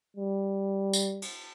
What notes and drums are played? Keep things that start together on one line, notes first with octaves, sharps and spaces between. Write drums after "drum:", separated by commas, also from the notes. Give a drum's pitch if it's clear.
G3
drum: tambourine
drum: cymbal